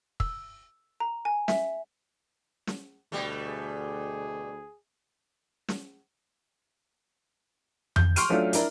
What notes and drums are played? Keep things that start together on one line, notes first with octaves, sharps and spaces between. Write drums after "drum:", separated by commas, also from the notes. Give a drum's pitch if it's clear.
E6, drum: kick
A#5
G#5
E5, drum: snare
drum: snare
D2 B2 G3 A3
G#4
drum: snare
G6, drum: tom F2
C6 C#6 F6 D7 D#7, drum: hi-hat
F#3 A3 C#4 D4 F4
D4 E4 A#4 D5, drum: hi-hat